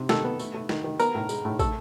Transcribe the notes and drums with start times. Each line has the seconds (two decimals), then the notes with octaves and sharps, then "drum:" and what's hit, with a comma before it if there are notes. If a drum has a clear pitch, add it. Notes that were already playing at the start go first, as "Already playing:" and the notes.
Already playing: C3
0.09 D#3 A4, drum: snare
0.24 B3
0.39 A3, drum: tambourine
0.54 A3
0.69 D#3, drum: snare
0.84 D#3
0.99 B3 A#4, drum: tambourine
1.14 A2
1.29 G#3, drum: tambourine
1.45 A2
1.59 A3 A4, drum: kick, tambourine